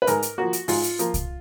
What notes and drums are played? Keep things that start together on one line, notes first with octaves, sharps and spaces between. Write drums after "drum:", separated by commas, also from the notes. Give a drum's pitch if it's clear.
B4
G#2 A#4, drum: hi-hat
drum: hi-hat
F3 A#3 F#4
drum: hi-hat
G#2 F4, drum: open hi-hat
drum: hi-hat
F3 A#3, drum: hi-hat
drum: kick C2, hi-hat